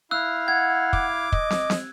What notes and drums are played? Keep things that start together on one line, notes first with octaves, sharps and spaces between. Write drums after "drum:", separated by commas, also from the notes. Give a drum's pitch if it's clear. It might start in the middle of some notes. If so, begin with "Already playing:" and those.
E4 F5 E6 F#6
F#5 G#6
D6, drum: kick
D#5, drum: kick
drum: snare
drum: snare